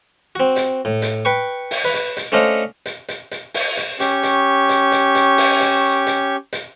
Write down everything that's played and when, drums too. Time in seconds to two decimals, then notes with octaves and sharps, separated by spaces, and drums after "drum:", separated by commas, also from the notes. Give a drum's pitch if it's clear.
0.35 C4 F#4
0.56 drum: hi-hat
0.85 A2
1.02 drum: hi-hat
1.25 B4 G5 C#6
1.71 drum: open hi-hat
1.85 B4
1.94 drum: hi-hat
2.17 drum: hi-hat
2.32 A3 C#4 D4 C5 D#5 F5
2.86 drum: hi-hat
3.08 drum: hi-hat
3.31 drum: hi-hat
3.54 drum: open hi-hat
3.77 drum: hi-hat
4.00 C#4 G4 C#6, drum: hi-hat
4.23 drum: hi-hat
4.69 drum: hi-hat
4.92 drum: hi-hat
5.15 drum: hi-hat
5.38 drum: open hi-hat
5.61 drum: hi-hat
6.07 drum: hi-hat
6.53 drum: hi-hat